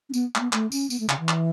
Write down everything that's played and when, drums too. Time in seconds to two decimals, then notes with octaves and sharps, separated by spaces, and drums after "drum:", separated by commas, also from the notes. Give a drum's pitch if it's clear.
0.09 C#4
0.14 B3, drum: tambourine
0.35 A3, drum: clap
0.40 B3
0.53 A3, drum: clap
0.72 C#4, drum: tambourine
0.90 B3, drum: tambourine
1.00 A3
1.09 C#3, drum: clap
1.19 E3
1.29 drum: clap